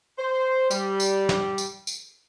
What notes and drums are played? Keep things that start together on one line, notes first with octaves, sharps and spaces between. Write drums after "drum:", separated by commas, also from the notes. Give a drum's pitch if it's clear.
C5
G3, drum: tambourine
drum: tambourine
drum: snare
drum: tambourine
drum: tambourine